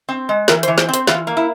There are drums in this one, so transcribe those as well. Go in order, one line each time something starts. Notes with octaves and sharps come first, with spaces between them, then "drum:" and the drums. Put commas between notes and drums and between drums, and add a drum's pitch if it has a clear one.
C4
G#3
E3 A#4, drum: snare
C5, drum: hi-hat
E3
C5, drum: snare
C4
C5, drum: hi-hat
E3 F4, drum: snare
A#3
E4